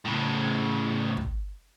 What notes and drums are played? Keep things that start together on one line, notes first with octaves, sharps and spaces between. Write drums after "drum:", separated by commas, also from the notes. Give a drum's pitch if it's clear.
A2 C#3
drum: kick